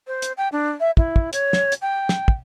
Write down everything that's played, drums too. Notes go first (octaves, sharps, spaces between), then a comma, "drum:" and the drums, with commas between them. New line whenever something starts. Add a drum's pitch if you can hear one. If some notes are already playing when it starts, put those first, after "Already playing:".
C5
drum: hi-hat
G5
D4
E5
E4, drum: kick
drum: kick
C#5, drum: hi-hat
drum: snare
drum: hi-hat
G5
drum: snare
drum: kick